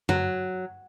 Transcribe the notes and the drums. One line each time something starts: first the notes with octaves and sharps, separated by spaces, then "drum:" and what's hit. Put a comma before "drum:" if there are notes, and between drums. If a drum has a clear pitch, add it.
F#3, drum: tom F#2